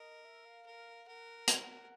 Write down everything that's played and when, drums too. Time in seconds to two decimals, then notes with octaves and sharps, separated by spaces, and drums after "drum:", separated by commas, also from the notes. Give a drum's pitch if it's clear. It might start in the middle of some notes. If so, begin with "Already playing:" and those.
Already playing: A#4 D#5
0.25 E5
0.45 F5
0.66 A#4
1.07 A#4 F#5
1.48 F#5, drum: hi-hat